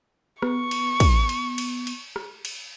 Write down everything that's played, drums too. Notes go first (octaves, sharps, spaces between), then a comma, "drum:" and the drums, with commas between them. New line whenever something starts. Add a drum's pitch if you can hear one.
B3 C#6, drum: rim click
drum: cymbal
drum: kick, cymbal
drum: cymbal
drum: cymbal
drum: cymbal
drum: rim click
drum: cymbal